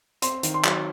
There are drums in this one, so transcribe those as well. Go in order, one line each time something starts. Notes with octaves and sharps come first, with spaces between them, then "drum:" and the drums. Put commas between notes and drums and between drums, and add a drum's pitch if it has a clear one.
C4 C6, drum: hi-hat
D#3, drum: hi-hat
C6
F#3, drum: clap